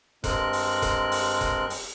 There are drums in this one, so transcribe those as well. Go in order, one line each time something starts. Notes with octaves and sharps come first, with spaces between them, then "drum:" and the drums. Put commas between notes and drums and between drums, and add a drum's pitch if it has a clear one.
G2 G#3 C4 A#4 F#6, drum: kick E1, hi-hat
drum: open hi-hat
drum: kick E1, hi-hat
drum: open hi-hat
drum: kick E1, hi-hat
drum: open hi-hat